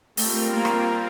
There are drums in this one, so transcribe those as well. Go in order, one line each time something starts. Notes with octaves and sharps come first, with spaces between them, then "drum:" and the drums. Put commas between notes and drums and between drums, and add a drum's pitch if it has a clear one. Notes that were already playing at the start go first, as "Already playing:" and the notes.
G3 A3 C4 F4 A#4, drum: open hi-hat
A#3
drum: rim click